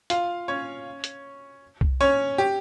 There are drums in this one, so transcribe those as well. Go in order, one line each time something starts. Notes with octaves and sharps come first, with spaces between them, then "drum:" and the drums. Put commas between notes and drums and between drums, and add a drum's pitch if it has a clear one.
F4 F5, drum: hi-hat
C#4 C#5
drum: hi-hat
drum: kick C2
C#4 C#5
G4